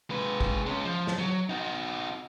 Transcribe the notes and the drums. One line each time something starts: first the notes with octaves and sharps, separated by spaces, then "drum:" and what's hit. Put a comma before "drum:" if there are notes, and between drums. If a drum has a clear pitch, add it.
G#3 B4
drum: kick G1
G#3 C#4
F3
drum: snare
F#3
D#4 F#4